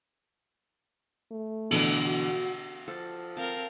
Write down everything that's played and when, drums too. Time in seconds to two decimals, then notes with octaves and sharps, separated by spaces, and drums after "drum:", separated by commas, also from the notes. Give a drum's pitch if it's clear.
1.31 A3
1.71 B2 D3 E3, drum: cymbal
2.06 F#4
2.88 F3 A4
3.37 C4 A#4 F5 A5